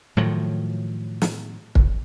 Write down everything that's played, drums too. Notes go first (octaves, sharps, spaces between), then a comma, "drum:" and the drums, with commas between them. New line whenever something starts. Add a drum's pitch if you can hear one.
A2 D#3 F3 F#3
drum: snare
drum: kick